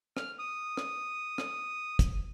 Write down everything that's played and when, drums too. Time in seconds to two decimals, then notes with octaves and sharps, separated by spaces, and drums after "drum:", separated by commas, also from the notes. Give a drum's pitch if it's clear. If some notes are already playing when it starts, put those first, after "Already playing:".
0.17 F6, drum: rim click
0.39 D#6
0.77 drum: rim click
1.38 drum: rim click
1.99 drum: kick, hi-hat